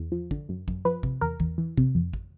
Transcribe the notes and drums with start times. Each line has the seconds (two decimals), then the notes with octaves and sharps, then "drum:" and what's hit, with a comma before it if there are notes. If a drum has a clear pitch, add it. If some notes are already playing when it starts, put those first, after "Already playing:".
Already playing: E2
0.12 F3
0.31 D3, drum: kick
0.49 F#2
0.68 F#2, drum: kick
0.85 F3 B4
1.03 C3, drum: kick
1.21 E2 A#4
1.40 E2, drum: kick
1.58 E3
1.77 C3, drum: kick
1.95 F2
2.13 drum: kick